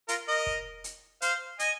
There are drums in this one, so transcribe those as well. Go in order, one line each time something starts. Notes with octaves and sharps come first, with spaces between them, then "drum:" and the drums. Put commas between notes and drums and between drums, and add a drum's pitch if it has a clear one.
F4 A#4, drum: hi-hat
A#4 D#5
drum: kick
drum: hi-hat
C5 F5, drum: hi-hat
D#5 G#5, drum: hi-hat